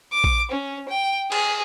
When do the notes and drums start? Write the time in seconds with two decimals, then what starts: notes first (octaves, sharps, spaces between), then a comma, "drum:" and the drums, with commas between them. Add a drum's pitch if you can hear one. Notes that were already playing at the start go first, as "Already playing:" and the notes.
0.13 D6
0.24 drum: kick A#1
0.52 C#4
0.89 G5
1.32 G#4, drum: cymbal